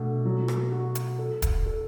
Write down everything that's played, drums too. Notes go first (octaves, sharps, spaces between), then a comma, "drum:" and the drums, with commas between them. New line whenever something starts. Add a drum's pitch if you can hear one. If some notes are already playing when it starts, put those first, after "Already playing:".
Already playing: B2 A3 D4
F#3
drum: rim click
F#4
drum: hi-hat
A4
drum: kick, hi-hat
A4